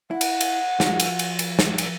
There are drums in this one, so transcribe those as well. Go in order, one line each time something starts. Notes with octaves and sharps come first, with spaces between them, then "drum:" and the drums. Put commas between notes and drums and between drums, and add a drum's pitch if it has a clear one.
E4 F#5
drum: cymbal
drum: cymbal
F3 F4 F#4, drum: snare
drum: cymbal
drum: cymbal
drum: cymbal
drum: snare
drum: cymbal